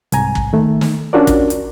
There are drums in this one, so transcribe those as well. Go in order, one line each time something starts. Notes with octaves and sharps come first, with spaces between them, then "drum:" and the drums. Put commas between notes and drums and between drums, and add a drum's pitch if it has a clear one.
C2 G#2 G#5 A#5, drum: hi-hat
drum: kick
D#3 A3
drum: snare
C#4 D4 F4 F#4 A#4 D5
drum: kick, hi-hat
drum: hi-hat